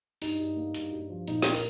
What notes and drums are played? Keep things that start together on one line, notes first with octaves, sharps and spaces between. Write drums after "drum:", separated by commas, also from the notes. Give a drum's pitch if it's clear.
G2 D#4, drum: open hi-hat
G2
A#3
G2, drum: hi-hat
G2
F3
A#2 D#4, drum: hi-hat
A#3 G4, drum: snare
A#4, drum: open hi-hat